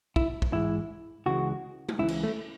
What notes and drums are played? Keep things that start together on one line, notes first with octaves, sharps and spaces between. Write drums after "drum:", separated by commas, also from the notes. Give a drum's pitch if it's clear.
E4, drum: kick
drum: kick
G#2 E3 G#3 E4
C#2 C#3 E3 G#3 F#4
drum: tom
C#2 C#3 E3 E4
drum: cymbal
A3